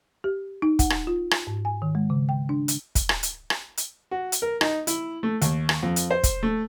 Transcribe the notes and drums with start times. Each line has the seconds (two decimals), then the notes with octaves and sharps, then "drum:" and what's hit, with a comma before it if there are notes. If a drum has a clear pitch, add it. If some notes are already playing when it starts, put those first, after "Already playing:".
0.24 G4
0.62 D#4
0.79 F#5, drum: kick, hi-hat
0.90 drum: rim click
1.07 F4
1.31 drum: rim click
1.47 G#2
1.65 G#5
1.82 D#3
1.95 G#3
2.10 C#3
2.29 G5
2.49 D4
2.68 drum: hi-hat
2.95 drum: kick, hi-hat
3.09 drum: rim click
3.23 drum: hi-hat
3.50 drum: rim click
3.77 drum: hi-hat
4.11 F#4
4.32 drum: hi-hat
4.42 A#4
4.61 D#4, drum: rim click
4.87 E4, drum: hi-hat
5.23 A3
5.41 D#2, drum: hi-hat
5.69 drum: rim click
5.83 F2
5.96 drum: hi-hat
6.11 C5
6.24 drum: kick, hi-hat
6.43 A3